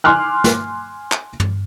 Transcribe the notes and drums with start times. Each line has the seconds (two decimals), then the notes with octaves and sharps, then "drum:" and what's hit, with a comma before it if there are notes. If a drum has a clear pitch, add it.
0.04 G#5 C6 D6 F6 F#6
0.44 drum: snare
1.12 drum: clap
1.40 drum: tom